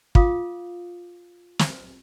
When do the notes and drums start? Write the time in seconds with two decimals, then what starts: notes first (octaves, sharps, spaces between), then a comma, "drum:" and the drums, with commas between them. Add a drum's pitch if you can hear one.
0.15 F4 F5 D6 D#6, drum: kick
1.59 drum: snare